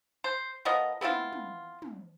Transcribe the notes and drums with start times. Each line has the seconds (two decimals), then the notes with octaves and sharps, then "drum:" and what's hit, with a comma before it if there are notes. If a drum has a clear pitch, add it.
0.24 C5
0.65 F3 B3 A#4 D#5
1.01 B3 C4 E4 F4, drum: tom
1.33 drum: tom
1.82 drum: tom